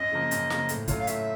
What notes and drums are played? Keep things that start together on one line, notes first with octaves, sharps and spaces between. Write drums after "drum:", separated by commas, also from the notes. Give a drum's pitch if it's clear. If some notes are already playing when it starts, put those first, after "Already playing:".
Already playing: F#2 D#5
C#3 F3 A#3
F#2, drum: hi-hat
C#3 F3 A#3, drum: snare
A2, drum: hi-hat
F#3 A3 C#4 F4, drum: kick, hi-hat
F5
A2 E5, drum: hi-hat